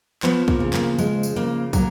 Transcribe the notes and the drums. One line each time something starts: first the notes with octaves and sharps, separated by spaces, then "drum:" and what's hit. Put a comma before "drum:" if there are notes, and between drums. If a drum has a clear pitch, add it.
F3 B3, drum: clap
A#3, drum: kick
C#3
A#3, drum: clap
F3 G#3, drum: tambourine
drum: tambourine
C#3 A#3
F#3 A#3, drum: kick, tambourine